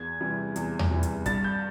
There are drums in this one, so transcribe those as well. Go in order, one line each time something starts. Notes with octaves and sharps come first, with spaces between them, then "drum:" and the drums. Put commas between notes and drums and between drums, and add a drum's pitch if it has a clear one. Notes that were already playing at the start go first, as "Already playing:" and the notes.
Already playing: E2 G#6
C3 E3 G3
E2, drum: hi-hat
drum: tom E2
C3 E3 G3
drum: hi-hat
G2 A6, drum: kick, hi-hat
G6